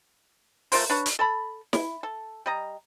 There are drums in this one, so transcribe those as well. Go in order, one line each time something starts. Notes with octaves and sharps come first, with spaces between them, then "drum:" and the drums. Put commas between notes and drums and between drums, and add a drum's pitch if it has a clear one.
A3 F4 A#4 C5, drum: open hi-hat
D4 B4 C#5
drum: hi-hat
A4 A5 B5
E4, drum: snare
A4
G3 D#5 A#5